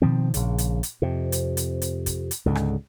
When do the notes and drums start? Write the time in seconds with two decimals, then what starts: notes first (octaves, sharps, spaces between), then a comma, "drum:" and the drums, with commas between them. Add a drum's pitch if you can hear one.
0.02 B2 D#3 F3 C4
0.34 A#1 C#3, drum: hi-hat
0.58 drum: hi-hat
0.83 drum: hi-hat
1.02 F2 C3
1.32 drum: hi-hat
1.57 drum: hi-hat
1.82 drum: hi-hat
2.06 drum: kick, hi-hat
2.31 drum: hi-hat
2.46 C#2 G#2 D3
2.55 drum: rim click